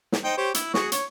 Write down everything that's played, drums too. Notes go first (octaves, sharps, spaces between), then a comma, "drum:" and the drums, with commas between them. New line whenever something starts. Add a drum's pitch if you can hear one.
drum: snare
D#4 C5 G5
G4 C5 C#5
E4, drum: hi-hat
F#4 G#4 C#6, drum: snare
C#5, drum: hi-hat